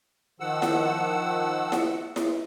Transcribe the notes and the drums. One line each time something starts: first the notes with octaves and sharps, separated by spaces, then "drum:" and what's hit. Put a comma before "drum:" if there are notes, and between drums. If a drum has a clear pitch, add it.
D#3 F3 F#5 E6
drum: snare E4
drum: snare E4
drum: snare E4